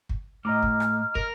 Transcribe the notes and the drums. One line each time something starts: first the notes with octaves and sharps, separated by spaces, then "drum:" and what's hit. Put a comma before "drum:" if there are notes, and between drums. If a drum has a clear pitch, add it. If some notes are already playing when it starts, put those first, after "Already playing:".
drum: kick
A2 D#5 A#5 D6 F6
drum: kick
drum: rim click
A#4, drum: kick